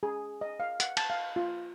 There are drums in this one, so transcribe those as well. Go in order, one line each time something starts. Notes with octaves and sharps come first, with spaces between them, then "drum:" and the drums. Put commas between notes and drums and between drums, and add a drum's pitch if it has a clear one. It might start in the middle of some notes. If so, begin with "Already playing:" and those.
G#4
D#5
F5
F#5, drum: hi-hat
A5, drum: cymbal
F5
F4